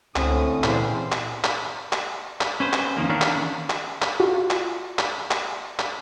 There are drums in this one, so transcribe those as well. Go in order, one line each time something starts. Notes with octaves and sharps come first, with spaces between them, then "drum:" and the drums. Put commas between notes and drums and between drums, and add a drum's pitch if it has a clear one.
C#2 A2 D3 C4 C#4 D#6, drum: clap
E2 A#2 C4, drum: clap
drum: clap
drum: clap
drum: clap
drum: clap
C#4 B4 C5
drum: clap
F2 D#3 F3 A#3
D#3 E3 A#3 B3 C#4 D4
drum: clap
drum: clap
drum: clap
F4 F#4
drum: clap
drum: clap
drum: clap
drum: clap